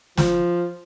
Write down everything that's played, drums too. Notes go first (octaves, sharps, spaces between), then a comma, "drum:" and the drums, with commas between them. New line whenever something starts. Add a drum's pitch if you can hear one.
F3, drum: snare